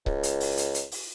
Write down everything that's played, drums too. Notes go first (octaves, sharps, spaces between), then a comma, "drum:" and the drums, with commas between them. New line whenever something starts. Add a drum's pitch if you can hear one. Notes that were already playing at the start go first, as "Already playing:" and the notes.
C#2, drum: kick C#1
drum: hi-hat
drum: open hi-hat
drum: hi-hat
drum: hi-hat
drum: open hi-hat